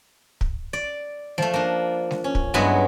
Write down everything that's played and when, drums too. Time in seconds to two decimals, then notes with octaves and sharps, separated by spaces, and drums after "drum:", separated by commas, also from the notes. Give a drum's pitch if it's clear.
0.41 drum: kick
0.73 D5
1.38 F3 A3, drum: snare G#3
1.54 A#3 D4
2.11 drum: snare G#3
2.24 C#4
2.35 drum: kick
2.54 G2 F#3 G#3 B3 E4 B4